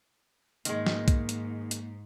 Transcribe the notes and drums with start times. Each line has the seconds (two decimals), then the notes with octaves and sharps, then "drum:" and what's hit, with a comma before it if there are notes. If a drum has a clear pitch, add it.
0.65 G#2 D#3 G#3 A#3, drum: hi-hat
0.87 drum: snare
1.08 drum: kick B1, hi-hat
1.29 drum: hi-hat
1.71 drum: hi-hat